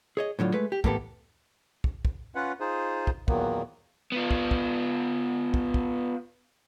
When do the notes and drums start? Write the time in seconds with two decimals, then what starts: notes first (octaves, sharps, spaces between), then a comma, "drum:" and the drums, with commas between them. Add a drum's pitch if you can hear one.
0.17 G#4 C#5 D#5
0.39 A2 D3 F#3 F4
0.54 G#3 A3 B4
0.72 G4
0.84 A2 E3 A#3 B3 G4 A4, drum: kick
1.84 drum: kick
2.05 drum: kick
2.35 C#4 F4 B4 F#5
2.60 D#4 F4 G#4 C5
3.07 drum: kick
3.28 E2 A#2 D#3 F#3 A#3 B3, drum: kick
4.12 B3 F4
4.31 drum: kick
4.51 drum: kick
5.54 drum: kick
5.74 drum: kick